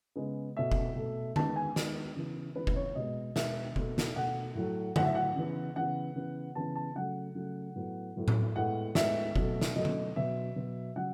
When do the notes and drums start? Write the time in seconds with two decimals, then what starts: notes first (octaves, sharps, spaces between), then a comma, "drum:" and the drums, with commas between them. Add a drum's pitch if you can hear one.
0.16 C#3 G#3 B3
0.57 B2 A3 E5
0.72 drum: kick F1
0.96 B2 A3
1.36 D#3 G#3 B3 A5, drum: tom D3
1.56 G#5
1.76 D#3 G#3 B3, drum: snare
2.16 C#3 E3 B3
2.55 C#3 E3 B3 B4
2.67 drum: kick F1
2.76 C#5
2.95 B2 G#3 B3 D#5
3.36 B2 G#3 B3 E5, drum: snare
3.76 B2 A3, drum: kick F1
3.98 drum: snare
4.16 B2 A3 F#5
4.55 A2 F#3 A3
4.96 A2 F#3 A3 F#5, drum: tom D3
5.05 E5
5.15 F#5
5.36 C#3 E3 B3
5.76 C#3 E3 B3 F#5
6.16 C#3 E3 B3
6.55 C#3 E3 B3 A5
6.75 A5
6.95 C#3 F#3 A3 F#5
7.35 C#3 F#3 A3
7.76 A2 F#3 B3
8.16 A2 F#3 B3
8.28 drum: tom A2
8.56 A2 G#3 B3 F#5
8.95 A2 G#3 B3 E5, drum: snare
9.36 B2 F#3 A3, drum: kick F1
9.61 drum: snare
9.75 B2 F#3 A3 D#5
9.85 drum: tom D3
10.16 B2 F#3 B3 E5
10.56 B2 F#3 B3
10.96 C#3 F#3 F#5